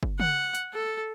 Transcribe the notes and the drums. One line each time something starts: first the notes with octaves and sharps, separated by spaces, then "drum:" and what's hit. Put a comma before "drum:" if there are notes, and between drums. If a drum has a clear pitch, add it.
drum: kick
F#5, drum: tom
drum: hi-hat
A4